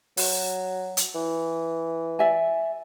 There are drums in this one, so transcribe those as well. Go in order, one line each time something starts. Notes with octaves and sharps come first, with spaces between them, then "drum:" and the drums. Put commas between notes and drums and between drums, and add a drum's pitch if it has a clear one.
F#3, drum: open hi-hat
drum: hi-hat
E3
D5 E5 G#5